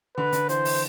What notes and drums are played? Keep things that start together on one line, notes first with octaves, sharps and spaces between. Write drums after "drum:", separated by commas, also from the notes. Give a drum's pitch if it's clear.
D3 B4
D3, drum: hi-hat
E3 C5, drum: hi-hat
drum: open hi-hat